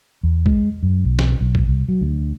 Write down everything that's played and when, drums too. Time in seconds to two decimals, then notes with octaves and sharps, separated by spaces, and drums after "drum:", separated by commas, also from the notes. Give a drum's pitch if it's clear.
0.23 E2
0.46 G#3, drum: kick A#1
0.83 F#2
1.05 B1
1.19 drum: snare
1.41 B1
1.55 drum: kick A#1
1.68 C2
1.89 F#3
2.01 D2